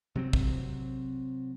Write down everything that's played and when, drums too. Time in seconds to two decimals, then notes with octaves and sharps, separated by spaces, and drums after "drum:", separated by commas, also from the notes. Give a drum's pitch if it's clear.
0.15 C3 F#3 C4
0.33 drum: kick